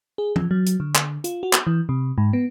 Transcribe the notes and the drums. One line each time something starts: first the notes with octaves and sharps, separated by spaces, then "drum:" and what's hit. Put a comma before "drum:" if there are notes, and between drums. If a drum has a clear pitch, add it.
G#4
F3, drum: tom
F#3
drum: hi-hat
D3
drum: clap
F4, drum: hi-hat
F#4
drum: clap
E3
C3
G#2
B3